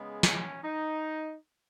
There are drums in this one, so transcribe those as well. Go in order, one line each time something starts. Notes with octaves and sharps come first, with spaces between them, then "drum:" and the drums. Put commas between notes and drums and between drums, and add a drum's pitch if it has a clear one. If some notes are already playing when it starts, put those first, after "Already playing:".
Already playing: C#3 G#3 B3
C#4, drum: snare
D#4